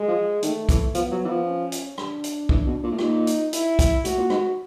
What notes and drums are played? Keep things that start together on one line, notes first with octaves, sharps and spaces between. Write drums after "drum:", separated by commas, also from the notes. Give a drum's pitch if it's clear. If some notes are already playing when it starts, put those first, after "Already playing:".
Already playing: G#3
F3
D#3 A3, drum: hi-hat
E3, drum: kick, hi-hat
F3 B3, drum: hi-hat
F#3
E3
F3
C#4
drum: hi-hat
D4, drum: rim click
drum: hi-hat
E3, drum: kick
B2
A#2
A2
A#2 D#4, drum: rim click
drum: hi-hat
E4, drum: hi-hat
drum: kick, hi-hat
A2 F#4, drum: hi-hat
A#2
G#2, drum: rim click